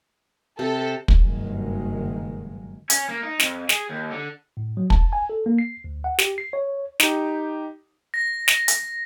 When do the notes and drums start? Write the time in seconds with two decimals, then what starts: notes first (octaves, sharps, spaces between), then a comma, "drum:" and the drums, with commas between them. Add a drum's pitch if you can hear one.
0.59 C3 A4
1.08 drum: kick
1.19 F#1 G2 B2 D#3 F#3 G#3
2.90 C#4, drum: hi-hat
3.09 A#3
3.23 D#4
3.40 F2, drum: snare
3.69 G#4, drum: snare
3.89 D#2
4.11 D3
4.57 A2
4.77 F#3
4.90 A5, drum: kick
5.13 G#5
5.29 A4
5.46 A#3
5.58 C7
5.84 D2
6.04 F#5
6.19 G4, drum: snare
6.38 C7
6.53 C#5
7.00 D#4 G4, drum: snare
8.14 A#6
8.48 drum: snare
8.68 drum: hi-hat